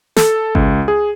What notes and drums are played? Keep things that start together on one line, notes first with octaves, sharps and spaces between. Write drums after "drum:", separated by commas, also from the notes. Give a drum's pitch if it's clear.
A4, drum: snare
C#2, drum: kick G#1
G#4